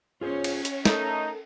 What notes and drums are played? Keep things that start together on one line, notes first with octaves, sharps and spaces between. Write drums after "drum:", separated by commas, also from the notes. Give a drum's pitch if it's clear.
C#4 F4 G#4 C5 C#5
drum: cymbal
drum: hi-hat
A3 D#4 A4 A#4, drum: snare